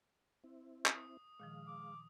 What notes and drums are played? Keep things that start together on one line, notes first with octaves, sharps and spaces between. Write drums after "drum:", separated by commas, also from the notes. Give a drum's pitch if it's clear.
C4 E4
D#6, drum: clap
A#2 D#3 F3 G#3 F5
D6